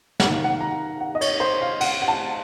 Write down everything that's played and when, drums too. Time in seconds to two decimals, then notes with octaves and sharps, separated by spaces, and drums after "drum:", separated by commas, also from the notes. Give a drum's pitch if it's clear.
0.20 C3 D#3 F#5, drum: snare
0.33 F5
0.44 F#5
0.60 A#5
1.00 F#5
1.15 D#5
1.21 C#5, drum: cymbal
1.40 C5
1.61 F5
1.80 F#5, drum: cymbal
2.02 F#5
2.08 A5